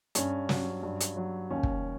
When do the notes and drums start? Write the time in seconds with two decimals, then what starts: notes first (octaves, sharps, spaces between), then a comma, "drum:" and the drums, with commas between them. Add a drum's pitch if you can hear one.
0.15 G2 C#4, drum: hi-hat
0.49 F#3, drum: snare
0.83 G2
1.01 drum: hi-hat
1.17 F#3
1.51 D#2 C#4
1.63 drum: kick